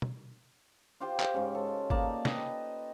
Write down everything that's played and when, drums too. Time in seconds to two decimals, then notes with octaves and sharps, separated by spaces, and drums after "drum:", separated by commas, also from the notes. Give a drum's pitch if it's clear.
0.02 drum: tom
1.00 F4 G4 C5 G5
1.20 drum: clap
1.34 G#2 C#3
1.55 A4
1.90 A#3 D#4 D5 A5, drum: kick G#1
2.25 B4 D#5 G5, drum: snare